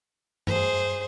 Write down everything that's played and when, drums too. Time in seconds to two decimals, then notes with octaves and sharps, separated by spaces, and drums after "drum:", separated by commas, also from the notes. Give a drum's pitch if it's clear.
0.47 G#4 C5, drum: tom G2